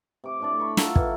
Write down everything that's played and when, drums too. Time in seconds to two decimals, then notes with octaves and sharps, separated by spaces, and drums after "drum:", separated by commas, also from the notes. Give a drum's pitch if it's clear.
0.24 C3 D6
0.40 A2 D4 D5
0.60 B5 C#6
0.77 F4 A4 A#4 F#5, drum: snare
0.96 E3, drum: kick